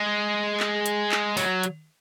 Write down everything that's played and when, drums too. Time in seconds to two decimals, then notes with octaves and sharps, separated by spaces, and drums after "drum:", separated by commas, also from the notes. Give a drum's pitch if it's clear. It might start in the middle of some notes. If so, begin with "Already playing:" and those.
Already playing: G#3
0.60 drum: clap
0.86 drum: hi-hat
1.12 drum: clap
1.37 F#3, drum: open hi-hat
1.63 drum: hi-hat